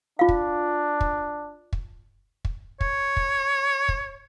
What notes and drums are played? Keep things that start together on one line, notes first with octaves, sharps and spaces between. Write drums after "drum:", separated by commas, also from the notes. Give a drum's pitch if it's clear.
D4 F4 F5
drum: kick
drum: kick
drum: kick
drum: kick
C#5, drum: kick
drum: kick
drum: kick